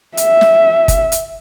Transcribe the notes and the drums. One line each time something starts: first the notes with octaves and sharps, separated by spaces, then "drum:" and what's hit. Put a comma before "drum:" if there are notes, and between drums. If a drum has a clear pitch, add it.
E5, drum: hi-hat
drum: snare
drum: kick, hi-hat
drum: hi-hat